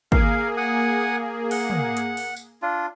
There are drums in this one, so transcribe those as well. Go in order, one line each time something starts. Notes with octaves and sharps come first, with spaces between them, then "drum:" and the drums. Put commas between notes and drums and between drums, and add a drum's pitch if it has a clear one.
A#3 G#4 A#4 F5, drum: kick
F#5 G#5 D#6
F#5, drum: open hi-hat
drum: tom
drum: hi-hat
drum: open hi-hat
drum: tambourine
D4 F4